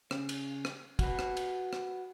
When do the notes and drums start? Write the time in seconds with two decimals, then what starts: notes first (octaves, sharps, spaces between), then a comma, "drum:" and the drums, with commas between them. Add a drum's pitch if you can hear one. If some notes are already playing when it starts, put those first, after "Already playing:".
0.11 C#3, drum: rim click
0.29 drum: cymbal
0.65 drum: rim click
0.99 F#4 B4, drum: kick, cymbal
1.19 drum: rim click
1.37 drum: cymbal
1.73 drum: rim click